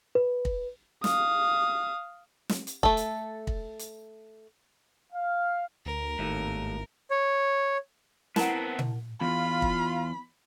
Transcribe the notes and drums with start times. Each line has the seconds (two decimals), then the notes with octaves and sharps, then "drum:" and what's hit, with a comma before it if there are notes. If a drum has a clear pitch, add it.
0.15 B4
0.45 drum: kick
1.04 F5 D#6, drum: snare
2.49 drum: snare
2.67 drum: hi-hat
2.83 A3 A4, drum: kick
2.97 drum: hi-hat
3.47 drum: kick
3.79 drum: hi-hat
5.13 F5
5.86 D2 A#4
6.19 G#1 D#2 A2
7.11 C#5
8.36 B3 C4 E4 A#4 F#5 A5 A#5, drum: snare
8.79 drum: tom A#2
9.21 E2 F4 B5
9.62 drum: kick